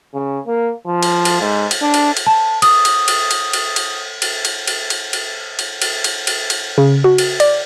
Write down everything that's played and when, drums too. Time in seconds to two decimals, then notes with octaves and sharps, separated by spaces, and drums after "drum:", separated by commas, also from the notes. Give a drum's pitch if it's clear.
0.14 C#3
0.46 A#3
0.87 F3
1.03 drum: cymbal
1.25 drum: cymbal
1.41 G#2
1.71 drum: cymbal
1.82 D4
1.94 drum: cymbal
2.17 drum: cymbal
2.26 A5
2.62 D#6, drum: cymbal
2.85 drum: cymbal
3.08 drum: cymbal
3.31 drum: cymbal
3.53 drum: cymbal
3.76 drum: cymbal
4.22 drum: cymbal
4.45 drum: cymbal
4.67 drum: cymbal
4.90 drum: cymbal
5.13 drum: cymbal
5.59 drum: cymbal
5.82 drum: cymbal
6.04 drum: cymbal
6.27 drum: cymbal
6.50 drum: cymbal
6.78 C#3
7.04 F#4
7.18 drum: cymbal
7.40 D5, drum: cymbal